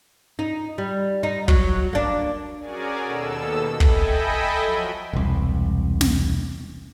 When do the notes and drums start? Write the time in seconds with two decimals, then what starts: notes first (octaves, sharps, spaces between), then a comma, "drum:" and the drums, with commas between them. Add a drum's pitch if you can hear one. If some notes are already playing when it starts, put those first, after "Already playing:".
0.39 D#4
0.78 G3
1.23 D#4
1.48 F#3, drum: kick
1.93 A#3 D4
2.59 C#4 F#4 G#4 A#4 D5 G#5
3.03 D#2 B2 A4 E6
3.80 A4 D#5 E5 G5 G#5 B5, drum: kick
4.59 F3 F#3
5.13 E1 C2
6.01 drum: snare